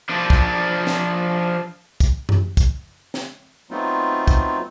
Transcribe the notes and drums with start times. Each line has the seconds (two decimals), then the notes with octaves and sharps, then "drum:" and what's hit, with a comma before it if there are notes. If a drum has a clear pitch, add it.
0.10 F3 D4
0.30 drum: kick
0.87 drum: snare
2.00 drum: kick, hi-hat
2.29 drum: tom F#2
2.57 drum: kick, hi-hat
3.14 drum: snare
3.71 F#3 A3 B3 C4 D#4 F4
4.28 drum: kick, hi-hat